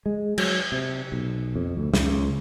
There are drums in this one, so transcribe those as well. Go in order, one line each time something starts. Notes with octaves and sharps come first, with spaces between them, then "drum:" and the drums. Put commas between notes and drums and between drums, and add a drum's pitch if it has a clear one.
G#3
F#3, drum: cymbal
C3
B1
F2
D2
C#2, drum: snare